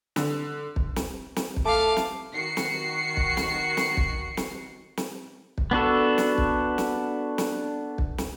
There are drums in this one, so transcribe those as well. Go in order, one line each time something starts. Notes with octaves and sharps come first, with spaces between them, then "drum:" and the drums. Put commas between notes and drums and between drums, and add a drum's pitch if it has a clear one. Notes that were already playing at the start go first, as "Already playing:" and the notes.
D3, drum: snare
drum: kick
drum: snare
drum: snare
drum: kick
A3 F5 A5 D6
drum: snare
D#3 F#4 C7 C#7
drum: snare
drum: kick
drum: snare
drum: snare
drum: kick
drum: snare
drum: snare
drum: kick
B3 D4 F#4 A4
drum: snare
drum: kick
drum: snare
drum: snare
drum: kick
drum: snare